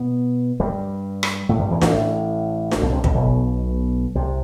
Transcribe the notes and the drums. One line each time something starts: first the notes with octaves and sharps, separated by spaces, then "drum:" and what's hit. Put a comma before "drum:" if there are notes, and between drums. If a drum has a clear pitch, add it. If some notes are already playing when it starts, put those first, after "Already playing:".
Already playing: B2 B3
G2 G3
drum: rim click
A2 A3
G2 G3
E2 E3
A1 A2, drum: snare D4
A1 A2
drum: snare D4
B1 B2
C2 C3
B1 B2, drum: kick
B1 B2
C2 C3